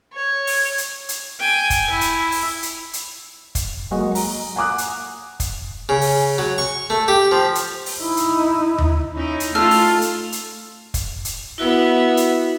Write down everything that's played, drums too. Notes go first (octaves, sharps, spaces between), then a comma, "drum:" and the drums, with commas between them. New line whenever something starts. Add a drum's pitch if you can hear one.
C#5
drum: open hi-hat
drum: hi-hat
drum: hi-hat
G5 G#5
drum: kick, hi-hat
E4
drum: hi-hat
drum: open hi-hat
drum: hi-hat
drum: hi-hat
drum: kick, hi-hat
F#3 G#3 A#3 F#4 D#5
A#5, drum: open hi-hat
F#5 G#5 A#5 D6 D#6 F#6
drum: hi-hat
drum: kick, hi-hat
C#3
drum: open hi-hat
F#3
C#6
A3
G4
F3
drum: hi-hat
drum: open hi-hat
D#4 E4
drum: hi-hat
drum: tom D#2
C#4 D#4 E4
drum: hi-hat
A3 F4 A4 F6
drum: open hi-hat
drum: hi-hat
drum: hi-hat
drum: kick, hi-hat
drum: hi-hat
B3 E4 F#4 E5
drum: hi-hat